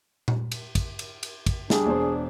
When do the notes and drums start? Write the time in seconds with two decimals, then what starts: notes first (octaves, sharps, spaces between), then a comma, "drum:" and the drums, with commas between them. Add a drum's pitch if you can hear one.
0.28 drum: tom A#2
0.52 drum: cymbal
0.75 drum: kick, cymbal
0.99 drum: cymbal
1.23 drum: cymbal
1.46 drum: kick, cymbal
1.70 G3 D4 G#4, drum: snare
1.86 E1 C5